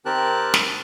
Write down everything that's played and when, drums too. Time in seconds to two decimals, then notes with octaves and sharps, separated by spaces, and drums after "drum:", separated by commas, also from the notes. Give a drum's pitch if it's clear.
0.05 D#3 C4 G4 A#4 A5 F#6
0.54 drum: snare